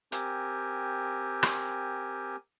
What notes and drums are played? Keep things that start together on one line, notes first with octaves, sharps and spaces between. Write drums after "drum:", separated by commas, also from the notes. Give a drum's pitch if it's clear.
C4 G4 A#4 G#5, drum: hi-hat
drum: rim click